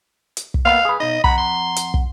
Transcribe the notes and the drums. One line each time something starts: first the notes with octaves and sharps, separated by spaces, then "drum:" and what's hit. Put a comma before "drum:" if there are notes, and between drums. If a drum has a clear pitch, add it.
drum: hi-hat
drum: kick
A#3 B3 F5
G#4 B4
B2 D#4 D#5
F2 F#5 A#5 B5, drum: kick
C6
drum: hi-hat
drum: kick